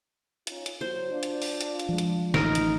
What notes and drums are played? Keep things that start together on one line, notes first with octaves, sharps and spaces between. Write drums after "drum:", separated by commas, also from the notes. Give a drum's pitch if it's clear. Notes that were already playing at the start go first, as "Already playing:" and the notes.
C#4 D#4 F4, drum: hi-hat
drum: hi-hat
F#3 C5
D4 F4
drum: hi-hat
drum: open hi-hat
drum: hi-hat
drum: hi-hat
F3 G#3
drum: hi-hat
A1 D#4 A#4 D#5, drum: snare
drum: hi-hat